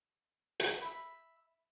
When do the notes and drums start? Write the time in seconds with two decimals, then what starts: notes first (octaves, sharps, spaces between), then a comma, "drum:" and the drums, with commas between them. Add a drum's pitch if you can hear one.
0.60 drum: hi-hat
0.81 E5 B5